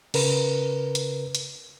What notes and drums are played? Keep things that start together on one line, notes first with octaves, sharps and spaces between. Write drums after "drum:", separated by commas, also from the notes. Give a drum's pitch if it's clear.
C#3 A#4 B4, drum: cymbal
drum: hi-hat
drum: hi-hat